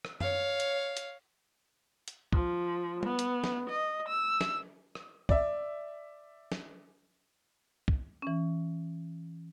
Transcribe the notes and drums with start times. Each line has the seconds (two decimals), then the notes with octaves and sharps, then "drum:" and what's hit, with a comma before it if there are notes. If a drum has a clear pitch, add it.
0.05 drum: rim click
0.21 C#5 F5, drum: tom F#2
0.60 drum: hi-hat
0.97 drum: hi-hat
2.08 drum: hi-hat
2.33 F3, drum: kick
3.03 B3, drum: tom G3
3.19 drum: hi-hat
3.44 drum: snare
3.68 D#5
4.08 E6
4.41 drum: snare
4.95 drum: rim click
5.29 D5 E5, drum: kick
6.52 drum: snare
7.88 drum: kick
8.22 E3 C#4